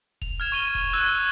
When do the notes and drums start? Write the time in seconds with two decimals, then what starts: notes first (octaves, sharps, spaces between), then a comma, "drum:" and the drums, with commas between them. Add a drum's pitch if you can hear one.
0.22 F7, drum: kick E1
0.40 F6 G#6 E7
0.52 C#6 D#7 G7
0.75 drum: kick E1
0.93 C#6 E6 F#6 G#6 G7
1.06 G7